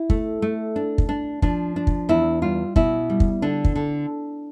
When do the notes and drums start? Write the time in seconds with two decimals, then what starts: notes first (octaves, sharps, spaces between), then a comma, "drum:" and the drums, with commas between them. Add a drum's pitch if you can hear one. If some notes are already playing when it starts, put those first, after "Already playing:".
Already playing: E4
0.10 A3, drum: kick
0.42 A3
0.76 D4
0.98 drum: kick
1.09 D4
1.42 F3 D4, drum: kick
1.76 D4
1.87 drum: kick
2.09 E2 E4
2.42 G3 F4
2.76 B2 E4, drum: kick
3.10 G3
3.20 drum: kick
3.42 D3 D4
3.65 drum: kick
3.75 D3